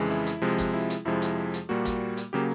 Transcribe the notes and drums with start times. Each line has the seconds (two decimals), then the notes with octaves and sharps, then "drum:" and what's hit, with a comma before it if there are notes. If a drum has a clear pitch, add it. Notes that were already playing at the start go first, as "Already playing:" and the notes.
Already playing: F2 C#3 E3 G#3
0.10 E4
0.26 drum: hi-hat
0.42 C3 F3 G#3
0.58 drum: kick, hi-hat
0.74 E4
0.90 drum: hi-hat
1.05 F2 C3 F3 G#3 E4
1.22 drum: hi-hat
1.53 drum: hi-hat
1.69 A#2 G3 A#3 F#4
1.85 drum: kick, hi-hat
2.17 drum: hi-hat
2.33 C#3 F#3 A#3 G4